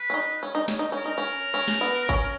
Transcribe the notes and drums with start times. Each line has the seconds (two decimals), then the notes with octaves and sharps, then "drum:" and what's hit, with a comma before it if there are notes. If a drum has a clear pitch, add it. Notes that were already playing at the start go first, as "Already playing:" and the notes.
Already playing: B4
0.10 C#4
0.14 D#4
0.43 C#4
0.55 D#4
0.68 C#4, drum: snare
0.79 D#4
0.92 C#4
0.98 A#4
1.06 D#4
1.18 C#4
1.54 C#4
1.68 drum: snare
1.81 B3
2.09 C#4, drum: kick G#1